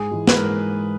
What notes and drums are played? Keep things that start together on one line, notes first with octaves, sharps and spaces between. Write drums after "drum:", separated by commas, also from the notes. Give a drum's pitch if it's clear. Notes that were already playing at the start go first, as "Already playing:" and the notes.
Already playing: G#2 G#4
E3 G#3
B4, drum: snare
G#2 A#4